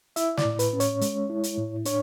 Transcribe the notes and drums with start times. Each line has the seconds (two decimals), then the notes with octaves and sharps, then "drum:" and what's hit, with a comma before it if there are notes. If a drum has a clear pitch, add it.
0.16 E4 E5, drum: hi-hat
0.37 D5, drum: snare
0.45 A2
0.59 B4, drum: hi-hat
0.73 C#4
0.80 C#5, drum: hi-hat
1.01 G#3, drum: hi-hat
1.30 E4
1.44 drum: hi-hat
1.58 A2
1.85 D4 C#5, drum: hi-hat